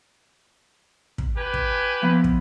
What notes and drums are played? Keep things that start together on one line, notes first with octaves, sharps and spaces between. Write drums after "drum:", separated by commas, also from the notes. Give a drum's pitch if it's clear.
drum: kick
G4 B4 G#5
drum: kick
F3 B3 E4
drum: kick